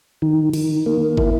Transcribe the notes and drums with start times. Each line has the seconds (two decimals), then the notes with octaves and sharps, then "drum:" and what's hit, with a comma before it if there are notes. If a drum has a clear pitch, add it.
0.22 D#3
0.53 D#3, drum: cymbal
0.86 A#3
1.17 E4, drum: kick